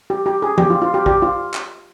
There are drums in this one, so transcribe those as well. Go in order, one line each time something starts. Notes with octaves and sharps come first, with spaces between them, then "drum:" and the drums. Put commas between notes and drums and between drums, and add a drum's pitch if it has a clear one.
G4
G4
G#4
G4, drum: tom F3
F4
F4
G4
G4, drum: kick
F4
drum: clap